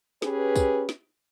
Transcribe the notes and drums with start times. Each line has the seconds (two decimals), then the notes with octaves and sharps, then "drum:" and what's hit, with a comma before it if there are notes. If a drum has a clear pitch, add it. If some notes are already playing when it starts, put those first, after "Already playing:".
0.22 C#4 G4 G#4 B4, drum: snare
0.56 drum: kick, tambourine
0.89 drum: snare